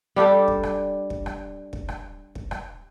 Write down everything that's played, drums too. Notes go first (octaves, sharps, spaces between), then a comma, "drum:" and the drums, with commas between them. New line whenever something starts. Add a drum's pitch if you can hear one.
G3 D4 G4 A4
drum: kick
drum: rim click
drum: kick
drum: rim click
drum: kick
drum: rim click
drum: kick
drum: rim click